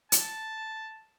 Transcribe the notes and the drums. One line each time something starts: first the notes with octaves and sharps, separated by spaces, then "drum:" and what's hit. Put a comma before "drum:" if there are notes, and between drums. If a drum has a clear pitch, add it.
A5, drum: hi-hat